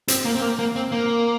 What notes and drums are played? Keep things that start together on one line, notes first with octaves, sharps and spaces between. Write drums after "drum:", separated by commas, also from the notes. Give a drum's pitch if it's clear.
C4, drum: hi-hat
A#3
C4
A#3
A#3
C4
A#3